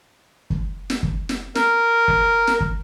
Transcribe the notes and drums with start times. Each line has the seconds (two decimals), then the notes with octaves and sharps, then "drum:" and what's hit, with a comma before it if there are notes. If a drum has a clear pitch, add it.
0.50 drum: kick
0.90 drum: snare
1.03 drum: kick
1.29 drum: snare
1.55 A#4, drum: snare
2.08 drum: kick
2.47 drum: snare
2.60 drum: kick